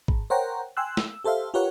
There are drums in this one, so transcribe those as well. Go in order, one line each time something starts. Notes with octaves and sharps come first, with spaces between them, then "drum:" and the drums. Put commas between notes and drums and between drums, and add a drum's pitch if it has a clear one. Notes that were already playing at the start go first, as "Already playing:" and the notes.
G#1, drum: kick
A#4 C5 C#5 F#5 G5 A#5
G5 G#5 C6 E6 F#6
E6, drum: snare
G4 A4 C5 E5 F5
F4 G4 A#4 B4 C#5 F#5